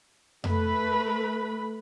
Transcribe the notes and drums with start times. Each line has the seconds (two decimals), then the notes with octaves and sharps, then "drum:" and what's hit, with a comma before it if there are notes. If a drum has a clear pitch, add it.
0.44 A3 B4 B5, drum: tom F2